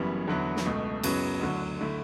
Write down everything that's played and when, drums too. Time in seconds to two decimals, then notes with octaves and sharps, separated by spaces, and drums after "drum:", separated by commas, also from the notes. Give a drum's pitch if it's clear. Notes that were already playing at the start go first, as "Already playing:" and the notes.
Already playing: F#1 F#2 E3 G3 B3
0.27 E2 D3 F#3 B3 E4
0.56 drum: snare
0.66 C#2 B2 A3
1.03 F#2 C#3 F#3 B3, drum: cymbal
1.41 D2 D3 F#3
1.81 D3 A3 E4